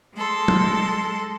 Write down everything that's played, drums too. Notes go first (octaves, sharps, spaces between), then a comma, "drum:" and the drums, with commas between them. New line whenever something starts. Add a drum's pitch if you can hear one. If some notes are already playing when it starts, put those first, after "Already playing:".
G#3 A4 C6
drum: tom F#3